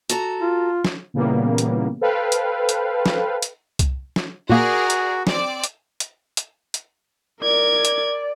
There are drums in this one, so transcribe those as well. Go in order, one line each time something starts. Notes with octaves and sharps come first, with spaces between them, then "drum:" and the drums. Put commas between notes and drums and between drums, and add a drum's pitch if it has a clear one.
F#4 A4 A#5, drum: hi-hat
F4
drum: snare
A#2 C#3 E3 G3 A#3 B3
drum: hi-hat
A4 B4 C5 F5 G5
drum: hi-hat
drum: hi-hat
drum: snare
drum: hi-hat
drum: kick C2, hi-hat
drum: snare
A#2 A#3 F#4 G#4 A#4 D5 A#6
drum: hi-hat
C4 D5, drum: snare
drum: hi-hat
drum: hi-hat
drum: hi-hat
drum: hi-hat
A#4 D5 G#6
drum: hi-hat